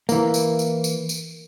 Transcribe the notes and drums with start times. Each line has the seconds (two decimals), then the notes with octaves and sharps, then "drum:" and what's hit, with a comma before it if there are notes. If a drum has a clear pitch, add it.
0.09 E3 A#3, drum: tambourine
0.34 drum: tambourine
0.59 drum: tambourine
0.84 drum: tambourine
1.09 drum: tambourine